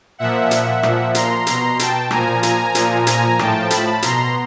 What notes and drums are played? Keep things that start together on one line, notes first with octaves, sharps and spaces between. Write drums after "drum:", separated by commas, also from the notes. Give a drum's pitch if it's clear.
A#2 F3 E5 F#5
drum: hi-hat
A#2 F3, drum: rim click
A#5 C6, drum: hi-hat
B2 A#5 C6, drum: hi-hat
G5 A5, drum: hi-hat
A#2 F3 G#5 A#5, drum: rim click
G#5 A#5, drum: hi-hat
A#2 F3, drum: hi-hat
G#5 A#5, drum: hi-hat
A2 F3 G5 A5, drum: rim click
A5 B5, drum: hi-hat
B2 A#5 C6, drum: hi-hat